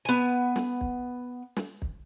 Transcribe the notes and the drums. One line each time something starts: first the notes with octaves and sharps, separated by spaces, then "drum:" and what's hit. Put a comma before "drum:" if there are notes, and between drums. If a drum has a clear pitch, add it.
B3 G#5
drum: snare
drum: kick
drum: snare
drum: kick